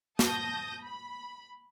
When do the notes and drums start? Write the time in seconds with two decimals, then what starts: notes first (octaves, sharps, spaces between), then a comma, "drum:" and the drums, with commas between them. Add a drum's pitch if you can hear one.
0.19 A5 D#6 G6 A#6, drum: snare
0.84 B5